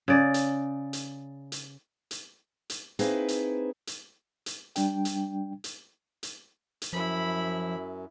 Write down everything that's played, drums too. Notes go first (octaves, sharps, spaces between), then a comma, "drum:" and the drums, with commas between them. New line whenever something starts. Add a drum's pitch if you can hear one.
C#3 D5
drum: hi-hat
drum: hi-hat
drum: hi-hat
drum: hi-hat
drum: hi-hat
A#3 C4 D#4 E4 G#4 B4, drum: hi-hat
drum: hi-hat
drum: hi-hat
drum: hi-hat
G3 D4 G5, drum: hi-hat
drum: hi-hat
drum: hi-hat
drum: hi-hat
drum: hi-hat
F#2 F3 E4 B5